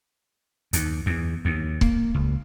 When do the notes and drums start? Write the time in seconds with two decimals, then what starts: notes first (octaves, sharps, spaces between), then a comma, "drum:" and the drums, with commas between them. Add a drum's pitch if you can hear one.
0.73 D#2, drum: hi-hat
1.06 E2
1.45 D#2
1.81 A#3, drum: kick C#1
2.14 C#2